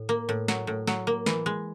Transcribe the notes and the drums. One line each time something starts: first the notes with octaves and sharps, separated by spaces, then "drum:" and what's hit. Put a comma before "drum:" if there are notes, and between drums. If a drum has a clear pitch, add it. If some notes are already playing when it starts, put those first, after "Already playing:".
Already playing: A2
A#3
A2
F#3, drum: snare
A2
F#3, drum: snare
A#3
E3, drum: snare
G#3